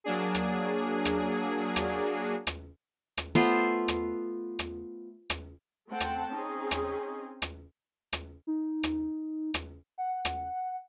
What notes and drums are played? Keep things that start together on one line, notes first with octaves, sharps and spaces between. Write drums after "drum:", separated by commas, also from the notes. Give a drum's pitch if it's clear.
F#3 A#3 D4 G#4
drum: rim click
drum: rim click
drum: rim click
drum: rim click
drum: rim click
A3 B3 F4 C5
drum: rim click
drum: rim click
drum: rim click
A3 C4 F#5 G5 A5
drum: rim click
C4 C#4 D#4 G#4
drum: rim click
drum: rim click
drum: rim click
D#4
drum: rim click
drum: rim click
F#5
drum: rim click